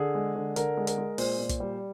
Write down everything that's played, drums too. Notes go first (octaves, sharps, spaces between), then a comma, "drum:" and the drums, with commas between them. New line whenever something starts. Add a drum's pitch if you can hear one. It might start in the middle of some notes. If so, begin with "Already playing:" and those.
Already playing: D3 G#4
G#3
D3
D3 A#4, drum: hi-hat
G#3
A#4, drum: hi-hat
G#3
A#2 C5, drum: open hi-hat
A#2
drum: kick, hi-hat
G3